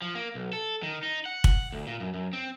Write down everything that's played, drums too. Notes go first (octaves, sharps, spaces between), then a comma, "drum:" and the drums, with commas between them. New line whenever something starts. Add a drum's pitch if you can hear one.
F3
A#3
B1
A4
D#3
D#4
F#5
drum: kick
D2
A#2
F#2
F#2
C4